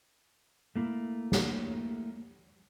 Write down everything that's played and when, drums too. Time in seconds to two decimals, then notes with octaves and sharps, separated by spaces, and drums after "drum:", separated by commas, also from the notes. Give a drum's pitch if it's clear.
0.76 A3 A#3 E4
1.32 drum: snare